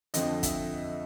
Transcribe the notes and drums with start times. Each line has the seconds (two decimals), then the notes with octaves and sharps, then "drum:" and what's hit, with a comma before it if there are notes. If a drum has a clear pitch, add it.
0.14 F2 D3 F3 D#5, drum: hi-hat
0.43 E5, drum: kick, hi-hat